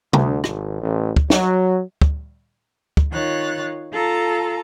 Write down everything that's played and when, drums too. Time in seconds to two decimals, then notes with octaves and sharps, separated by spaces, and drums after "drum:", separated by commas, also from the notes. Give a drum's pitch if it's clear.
0.13 D2, drum: tom C3
0.44 G#1, drum: rim click
0.81 A1
1.16 drum: kick
1.30 F#3, drum: snare
2.02 drum: kick
2.97 drum: kick
3.10 D#3 F4 C#5 F#6 A6
3.92 F4 A4 A5 A#5